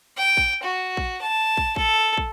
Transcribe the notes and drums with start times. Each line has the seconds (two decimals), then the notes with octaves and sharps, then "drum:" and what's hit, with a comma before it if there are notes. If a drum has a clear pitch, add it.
0.17 G5
0.37 drum: kick
0.63 F#4
0.97 drum: kick
1.22 A5
1.57 drum: kick
1.76 A4, drum: kick
2.17 drum: kick